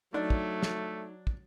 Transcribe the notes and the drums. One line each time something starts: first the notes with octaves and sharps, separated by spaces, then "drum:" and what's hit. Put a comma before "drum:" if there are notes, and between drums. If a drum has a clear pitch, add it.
F#3 A3 D4 D#4
drum: kick
drum: snare
drum: kick